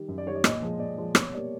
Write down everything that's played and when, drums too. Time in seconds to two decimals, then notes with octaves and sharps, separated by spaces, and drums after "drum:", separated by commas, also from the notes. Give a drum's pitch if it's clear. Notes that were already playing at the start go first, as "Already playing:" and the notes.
Already playing: D#3 G3
0.08 F#2
0.18 D5
0.26 D#3 G3 C#5
0.36 D5
0.44 A#2 D#5, drum: rim click
0.62 F3 G#3
0.79 A#2 D5
0.97 F3 G#3
1.15 B2 C#5, drum: rim click
1.33 G3 A#3 D5